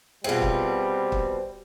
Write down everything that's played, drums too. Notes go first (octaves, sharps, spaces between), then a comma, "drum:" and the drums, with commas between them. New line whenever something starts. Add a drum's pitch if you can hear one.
B2 G3 C4 F4 G#4 E5
drum: kick
drum: kick